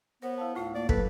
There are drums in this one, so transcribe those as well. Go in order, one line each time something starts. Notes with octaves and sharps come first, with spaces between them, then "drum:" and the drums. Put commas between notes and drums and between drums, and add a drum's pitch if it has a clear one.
B3 A#4 C5 C#5
E4 F5 A5
D2 A2 A3 F4
A#3 D5
F#2 A4 B4, drum: kick